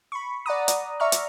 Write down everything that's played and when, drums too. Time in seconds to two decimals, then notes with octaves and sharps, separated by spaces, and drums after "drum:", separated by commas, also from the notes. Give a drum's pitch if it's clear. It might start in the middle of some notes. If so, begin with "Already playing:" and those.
0.12 B5 C#6
0.46 D5 F#5 A#5 D#6
0.68 drum: hi-hat
1.00 D5 E5 A#5 C#6 F6
1.12 drum: hi-hat